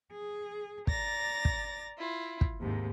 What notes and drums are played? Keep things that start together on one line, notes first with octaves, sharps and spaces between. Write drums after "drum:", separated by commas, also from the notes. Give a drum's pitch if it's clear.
G#4
D5 A#5 A6 A#6, drum: kick
drum: kick
E4 F4
drum: kick
D#2 G#2 C3